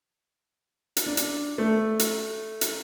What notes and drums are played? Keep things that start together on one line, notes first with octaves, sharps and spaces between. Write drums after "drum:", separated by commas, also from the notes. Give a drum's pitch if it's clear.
drum: hi-hat
D4
drum: hi-hat
A3
drum: hi-hat
drum: hi-hat